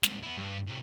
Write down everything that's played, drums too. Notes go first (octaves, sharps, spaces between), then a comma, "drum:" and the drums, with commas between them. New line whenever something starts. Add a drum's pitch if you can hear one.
C2 G#2, drum: snare
B3 E4
G2 G3
A2 C3